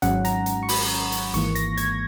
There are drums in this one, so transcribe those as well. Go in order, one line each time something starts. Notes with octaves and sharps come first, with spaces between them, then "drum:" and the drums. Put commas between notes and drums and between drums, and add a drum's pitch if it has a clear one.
G#1 G#2 F#3 C#4 F#5, drum: hi-hat
A#5, drum: hi-hat
drum: hi-hat
C#6
B5, drum: open hi-hat
drum: hi-hat
G#1 G#2 E3 A#3 C#6, drum: hi-hat
A#6, drum: hi-hat
G#6, drum: hi-hat